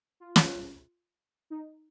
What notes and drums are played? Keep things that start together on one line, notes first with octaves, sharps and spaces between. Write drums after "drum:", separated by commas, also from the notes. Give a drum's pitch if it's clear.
F4
drum: snare
D#4